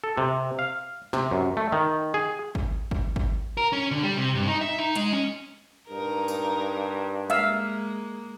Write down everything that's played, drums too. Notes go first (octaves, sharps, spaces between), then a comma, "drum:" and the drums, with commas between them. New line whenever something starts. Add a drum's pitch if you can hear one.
A4
C3
F5
C3, drum: snare
F#2
A3
D#3
G#4
drum: kick
drum: kick
drum: kick
A#4
C#4
D3
G3
C3
G2
D#4
E5
D#4
G#3, drum: hi-hat
C#4
G2 D#4 A#4
drum: tambourine
G#3 A#3 E5 F5 E6, drum: hi-hat